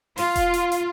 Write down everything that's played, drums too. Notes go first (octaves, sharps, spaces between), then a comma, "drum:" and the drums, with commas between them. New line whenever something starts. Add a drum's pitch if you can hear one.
F4, drum: open hi-hat
drum: kick E1, hi-hat
drum: hi-hat
drum: hi-hat